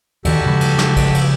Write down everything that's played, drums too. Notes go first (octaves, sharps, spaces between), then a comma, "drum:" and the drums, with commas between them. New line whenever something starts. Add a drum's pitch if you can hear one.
D2 D#3 F#4 G4 A4, drum: cymbal
C#3 F3 G#3
drum: cymbal
drum: snare
drum: kick, cymbal
drum: cymbal